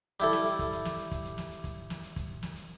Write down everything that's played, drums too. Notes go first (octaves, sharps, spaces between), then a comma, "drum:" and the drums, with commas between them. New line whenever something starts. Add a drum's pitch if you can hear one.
G3 E4 A4, drum: hi-hat
drum: snare
drum: hi-hat
drum: kick, hi-hat
drum: hi-hat
drum: snare
drum: hi-hat
drum: kick, hi-hat
drum: hi-hat
drum: snare
drum: hi-hat
drum: kick, hi-hat
drum: snare
drum: hi-hat
drum: kick, hi-hat
drum: snare
drum: hi-hat